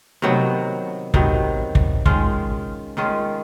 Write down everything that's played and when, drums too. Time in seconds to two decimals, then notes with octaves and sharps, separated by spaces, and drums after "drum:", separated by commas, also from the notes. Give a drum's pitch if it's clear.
0.22 C3 D#3 F#3 B3
1.14 C3 D#3 F#3 B3, drum: kick
1.75 drum: kick
2.06 D#3 G#3 C#4 F4, drum: kick
2.97 D#3 G#3 C#4 F4